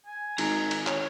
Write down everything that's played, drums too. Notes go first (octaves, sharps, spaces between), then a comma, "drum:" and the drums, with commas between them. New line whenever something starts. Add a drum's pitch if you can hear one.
G#5
G#1 A#5, drum: cymbal
drum: cymbal
C#5, drum: clap